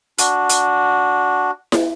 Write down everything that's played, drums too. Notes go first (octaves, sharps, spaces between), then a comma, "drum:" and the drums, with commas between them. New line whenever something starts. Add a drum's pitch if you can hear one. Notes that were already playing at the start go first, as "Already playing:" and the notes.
D4 F#4, drum: hi-hat
drum: hi-hat
drum: snare E4